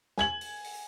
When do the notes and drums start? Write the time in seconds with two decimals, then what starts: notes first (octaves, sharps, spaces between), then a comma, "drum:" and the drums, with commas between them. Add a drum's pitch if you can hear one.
0.18 G#5 G#6 F#7, drum: snare
0.41 drum: open hi-hat
0.64 drum: open hi-hat